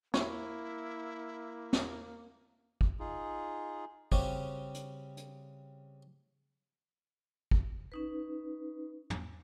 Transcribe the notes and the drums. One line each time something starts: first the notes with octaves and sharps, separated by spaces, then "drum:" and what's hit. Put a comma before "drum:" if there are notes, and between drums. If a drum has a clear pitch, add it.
A#3 E4 C#5, drum: snare
drum: snare
drum: kick
D#4 F4 G#4
C#3 G3 C4 C#4 F#4 G4, drum: kick
drum: hi-hat
drum: hi-hat
drum: kick
C#4 D#4 B4
drum: tom